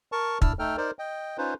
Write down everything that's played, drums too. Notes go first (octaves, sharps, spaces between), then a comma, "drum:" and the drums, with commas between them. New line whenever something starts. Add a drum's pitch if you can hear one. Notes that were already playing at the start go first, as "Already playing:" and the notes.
A#4 A5 C#6
D4 E4 A5 E6 F6, drum: kick
A3 D#4 A4 G5 F6
D#4 A#4 C5 D5
D#5 G5
C#4 D#4 F4 B4 C5